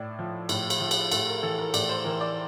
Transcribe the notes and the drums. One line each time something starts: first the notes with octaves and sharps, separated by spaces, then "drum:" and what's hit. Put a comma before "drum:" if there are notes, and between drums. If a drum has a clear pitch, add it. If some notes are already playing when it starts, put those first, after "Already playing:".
Already playing: A2 D5
F3
A2, drum: cymbal
drum: cymbal
F3
drum: cymbal
A2 A4, drum: cymbal
A#4
E3 A4
A#4
A2 D5, drum: cymbal
C5
E3 A#4
D5